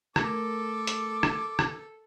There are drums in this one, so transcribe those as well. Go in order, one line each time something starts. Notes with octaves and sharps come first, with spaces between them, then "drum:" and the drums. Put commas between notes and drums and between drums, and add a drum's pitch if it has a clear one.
A3 A4 A#4 D6, drum: rim click
drum: hi-hat
drum: rim click
drum: rim click